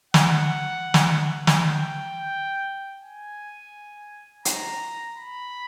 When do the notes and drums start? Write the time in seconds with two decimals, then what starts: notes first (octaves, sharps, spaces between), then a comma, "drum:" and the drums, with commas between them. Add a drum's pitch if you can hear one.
0.14 F#5, drum: snare
0.94 drum: snare
1.47 drum: snare
1.58 G5
3.01 G#5
4.45 A#5, drum: hi-hat
5.17 B5